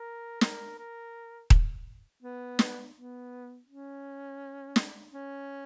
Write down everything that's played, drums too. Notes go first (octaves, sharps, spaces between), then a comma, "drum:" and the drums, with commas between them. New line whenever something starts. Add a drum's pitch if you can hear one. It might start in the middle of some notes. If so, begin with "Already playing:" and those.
Already playing: A#4
A#4, drum: snare
A#4
drum: kick D#1
B3
drum: snare
B3
C#4
drum: snare
C#4